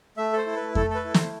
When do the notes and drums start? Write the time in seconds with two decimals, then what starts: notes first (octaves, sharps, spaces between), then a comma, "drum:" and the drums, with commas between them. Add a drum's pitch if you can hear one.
0.17 A3 E5
0.33 A4 C5
0.46 E4
0.56 B4
0.62 A3
0.75 A3 A4, drum: kick F2
0.90 A4 B4
1.05 E4
1.14 A3 C5, drum: snare